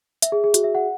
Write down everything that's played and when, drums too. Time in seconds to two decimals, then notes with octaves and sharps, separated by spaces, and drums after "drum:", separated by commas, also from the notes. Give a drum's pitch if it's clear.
0.22 E5, drum: hi-hat
0.32 G#4
0.44 G#4
0.54 F#4, drum: hi-hat
0.64 E5
0.75 F#5